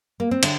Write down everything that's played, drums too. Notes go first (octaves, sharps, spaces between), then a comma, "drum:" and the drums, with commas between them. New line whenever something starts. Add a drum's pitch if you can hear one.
A#3
C4
D3 D4, drum: cymbal